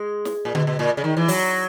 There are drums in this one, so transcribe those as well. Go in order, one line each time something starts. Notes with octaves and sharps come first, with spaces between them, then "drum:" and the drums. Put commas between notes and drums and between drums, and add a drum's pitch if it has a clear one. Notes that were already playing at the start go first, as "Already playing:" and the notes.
Already playing: G#3
drum: snare
A#2
B2, drum: tom D3
B2
A#2
C#3
D#3
E3
F#3, drum: open hi-hat